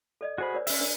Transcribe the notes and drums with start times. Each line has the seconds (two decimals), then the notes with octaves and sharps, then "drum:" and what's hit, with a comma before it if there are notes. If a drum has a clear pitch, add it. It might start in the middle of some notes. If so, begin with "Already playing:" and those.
0.21 A4 D5 D#5
0.38 F#4 G#4 A4 C5 B5
0.54 A#4 C#5 D5
0.67 C#4 E5, drum: open hi-hat
0.80 D4 A#4 D5